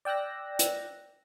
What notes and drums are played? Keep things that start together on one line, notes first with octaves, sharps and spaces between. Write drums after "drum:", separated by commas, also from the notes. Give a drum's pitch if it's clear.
D5 G5 E6 F#6 A#6
drum: hi-hat